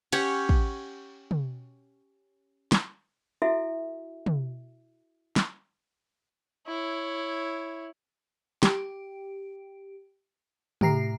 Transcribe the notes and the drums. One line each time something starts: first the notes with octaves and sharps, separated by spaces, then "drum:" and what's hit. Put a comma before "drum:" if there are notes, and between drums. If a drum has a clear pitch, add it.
C#4 G4 C#5 F#5, drum: cymbal
drum: kick
drum: tom
drum: snare
E4 F#4 A4 E5
drum: tom
drum: snare
E4 C#5
G4, drum: snare
A2 G4 A#5 C7, drum: tom